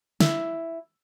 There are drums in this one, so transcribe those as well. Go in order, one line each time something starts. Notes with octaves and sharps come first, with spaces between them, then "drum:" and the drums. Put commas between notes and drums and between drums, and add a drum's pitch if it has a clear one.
E4, drum: snare